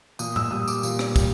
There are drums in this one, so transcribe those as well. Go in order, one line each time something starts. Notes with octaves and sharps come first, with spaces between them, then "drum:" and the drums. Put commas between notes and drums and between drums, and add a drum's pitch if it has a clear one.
A#2 D#6, drum: tambourine
E6, drum: tom A2
G3 D#6
D6, drum: tambourine
A#2, drum: tambourine
drum: rim click
G3, drum: kick, tambourine